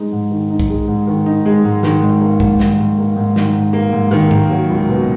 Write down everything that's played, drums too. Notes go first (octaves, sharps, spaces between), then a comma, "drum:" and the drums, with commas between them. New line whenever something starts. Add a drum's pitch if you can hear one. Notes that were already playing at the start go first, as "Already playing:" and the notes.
Already playing: G#3 D#4
G#2
D#3
D#4
drum: kick
G#3
G#2
D#3
D#4
G#3
G#2
D#3, drum: snare
G#2
A#3
G#2, drum: kick
D#3, drum: snare
G#2
A#3
G#2
D#3, drum: snare
G#2
A#3
G#2
D#3
A#3, drum: tom G#2
F#3
C#2
B2